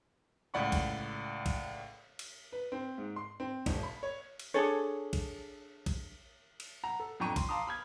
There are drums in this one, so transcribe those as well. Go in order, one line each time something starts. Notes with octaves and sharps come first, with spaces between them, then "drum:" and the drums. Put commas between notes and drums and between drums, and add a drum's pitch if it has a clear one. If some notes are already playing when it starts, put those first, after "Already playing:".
C#2 A2 D5 F#5 B5 C#6
drum: kick A#1, cymbal
drum: kick A#1, cymbal
drum: cymbal
B4
C4
G#2
C6
C4
E1, drum: kick A#1, cymbal
B5
C#5
drum: cymbal
D4 G#4 A4 C#5
drum: kick A#1, cymbal
drum: kick A#1, cymbal
drum: cymbal
F#5 A#5
A4
F2 D4 G5 A#5 C#6 D#7
C6, drum: kick A#1, cymbal
F5 A5 A#5 C6 D6 D#6
B5 F6 G#6